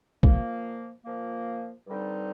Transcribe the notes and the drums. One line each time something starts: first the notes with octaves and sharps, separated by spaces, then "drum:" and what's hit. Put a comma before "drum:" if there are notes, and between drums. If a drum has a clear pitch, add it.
A#2 F3 A#3, drum: kick
A#2 F3 A#3
G2 D3 G3 C4 D#4